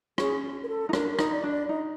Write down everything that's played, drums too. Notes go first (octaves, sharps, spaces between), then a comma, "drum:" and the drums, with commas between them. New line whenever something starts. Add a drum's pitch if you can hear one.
C#4 G#4, drum: rim click
A#4
A4
D#4
D4 A#4, drum: rim click
A#4
D#4, drum: rim click
D5
D4
D5
D#4 D#5